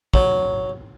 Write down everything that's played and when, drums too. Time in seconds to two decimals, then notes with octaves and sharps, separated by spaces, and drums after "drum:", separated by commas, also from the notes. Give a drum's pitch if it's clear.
0.14 F#3, drum: kick